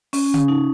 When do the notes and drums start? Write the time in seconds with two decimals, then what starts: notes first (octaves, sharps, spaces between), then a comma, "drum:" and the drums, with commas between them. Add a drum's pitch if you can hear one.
0.13 C#4, drum: open hi-hat
0.34 drum: tom C#3
0.48 D#4